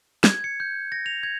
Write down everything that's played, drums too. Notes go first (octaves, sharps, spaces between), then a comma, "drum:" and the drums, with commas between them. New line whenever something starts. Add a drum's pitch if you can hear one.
G#6, drum: snare
C#7
G6
A#6
F7
G#6